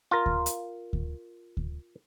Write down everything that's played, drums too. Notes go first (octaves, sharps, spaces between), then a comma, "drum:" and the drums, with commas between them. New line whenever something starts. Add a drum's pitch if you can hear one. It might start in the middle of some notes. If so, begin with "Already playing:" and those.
F4 A#4
drum: kick D2
drum: hi-hat
drum: kick D2
drum: kick D2